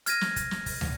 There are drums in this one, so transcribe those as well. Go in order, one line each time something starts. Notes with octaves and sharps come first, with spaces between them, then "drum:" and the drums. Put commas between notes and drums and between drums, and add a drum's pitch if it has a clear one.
F6 G#6 A#6 D#7, drum: hi-hat
drum: snare
drum: kick, hi-hat
drum: snare
drum: kick, open hi-hat
drum: tom